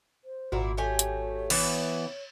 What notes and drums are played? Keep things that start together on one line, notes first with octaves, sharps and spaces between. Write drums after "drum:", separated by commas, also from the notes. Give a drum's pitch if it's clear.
C5
G#1 A#2 A#3 E4 F#4
A3 G4 C#5 G#5
drum: hi-hat
E3 B3 E4, drum: cymbal